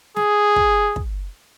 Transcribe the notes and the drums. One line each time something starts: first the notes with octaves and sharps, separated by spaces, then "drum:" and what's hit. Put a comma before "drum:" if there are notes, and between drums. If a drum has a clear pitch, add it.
G#4, drum: snare
drum: kick
drum: kick